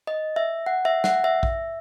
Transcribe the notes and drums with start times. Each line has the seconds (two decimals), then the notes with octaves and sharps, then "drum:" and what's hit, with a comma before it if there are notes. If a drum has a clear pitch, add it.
0.07 D#5
0.36 E5
0.66 F#5
0.85 E5
1.04 F#5, drum: snare
1.24 E5
1.43 drum: kick A#1